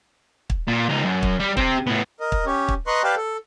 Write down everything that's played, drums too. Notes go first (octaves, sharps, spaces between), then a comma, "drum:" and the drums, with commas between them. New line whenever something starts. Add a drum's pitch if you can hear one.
drum: kick
A#2
C#2 D#4
F#2
drum: kick
G3
C4 G4, drum: kick
A2 B3
A#4 D#5
drum: kick
C#4 G4 C#5
drum: kick
B4 D#5 A#5 C6 C#6 F#6
G4 B4 D5 F5 G5 A5
A4